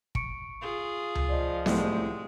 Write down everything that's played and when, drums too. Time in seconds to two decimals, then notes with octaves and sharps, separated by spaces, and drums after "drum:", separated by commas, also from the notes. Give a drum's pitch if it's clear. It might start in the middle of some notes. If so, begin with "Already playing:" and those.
0.15 C#6 C#7 D7, drum: kick
0.61 F4 G#4
1.15 drum: tom C#2
1.29 F3 D5 D#5
1.66 C2 A2 G#3, drum: snare B3